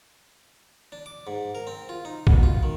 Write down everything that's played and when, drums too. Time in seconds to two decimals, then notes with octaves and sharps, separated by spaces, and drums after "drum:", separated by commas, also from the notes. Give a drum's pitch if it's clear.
0.92 D4
1.06 D6
1.27 G#2
1.55 A#4
1.67 C4
1.89 F4
2.05 D#4
2.27 B2, drum: kick A#1
2.43 F4
2.63 D#3